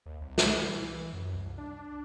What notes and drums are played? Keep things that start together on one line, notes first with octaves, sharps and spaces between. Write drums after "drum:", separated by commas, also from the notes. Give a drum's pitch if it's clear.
D#2
C2
drum: snare
E3
F#2
C2
D4